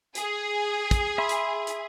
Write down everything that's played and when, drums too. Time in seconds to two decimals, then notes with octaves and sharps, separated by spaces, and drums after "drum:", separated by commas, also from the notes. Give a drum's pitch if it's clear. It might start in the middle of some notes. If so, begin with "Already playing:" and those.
0.15 G#4, drum: hi-hat
0.91 drum: kick, hi-hat
1.18 E5 B5 C6
1.29 drum: hi-hat
1.67 drum: hi-hat